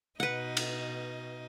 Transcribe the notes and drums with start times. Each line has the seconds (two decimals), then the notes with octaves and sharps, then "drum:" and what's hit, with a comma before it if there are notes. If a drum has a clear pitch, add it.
0.20 B2 D#4 B4 F#5
0.57 drum: cymbal